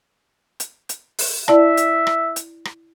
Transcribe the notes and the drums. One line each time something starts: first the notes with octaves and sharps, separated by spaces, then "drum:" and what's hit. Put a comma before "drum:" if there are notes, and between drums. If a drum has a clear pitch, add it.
drum: hi-hat
drum: hi-hat
drum: open hi-hat
E4 D5 E5 A5, drum: rim click
drum: hi-hat
drum: rim click
drum: hi-hat
drum: rim click